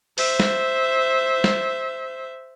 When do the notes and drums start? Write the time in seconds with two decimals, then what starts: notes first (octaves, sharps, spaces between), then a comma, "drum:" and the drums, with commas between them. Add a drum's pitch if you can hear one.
0.18 C5 E5, drum: open hi-hat
0.40 drum: snare
1.44 drum: snare